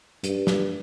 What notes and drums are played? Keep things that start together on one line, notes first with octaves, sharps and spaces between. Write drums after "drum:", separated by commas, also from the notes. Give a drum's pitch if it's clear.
G2, drum: hi-hat
drum: snare